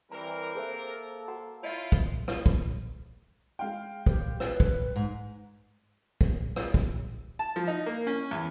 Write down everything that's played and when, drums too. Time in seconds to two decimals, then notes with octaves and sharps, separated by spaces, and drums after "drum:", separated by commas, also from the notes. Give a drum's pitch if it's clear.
0.11 E3 G3 C4 A#4 A#5
0.55 A#3 G#4 A4 C5 E5
1.28 F#4 F#5 A#5
1.63 E4 F4 C#5 D#5 E5
1.92 drum: kick
2.28 drum: rim click
2.46 drum: kick
3.59 G#3 F5 G5
4.06 G4, drum: kick
4.40 B4, drum: rim click
4.60 drum: kick
4.96 G#2
6.21 drum: kick
6.56 drum: rim click
6.74 drum: kick
7.39 A5
7.56 F3
7.68 D#4
7.86 A#3
8.07 C#4
8.31 E2